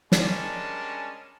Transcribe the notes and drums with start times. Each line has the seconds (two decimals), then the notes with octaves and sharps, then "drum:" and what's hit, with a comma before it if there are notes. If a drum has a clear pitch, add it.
0.12 G3 G#3 C#4 D4 A#4 A5, drum: snare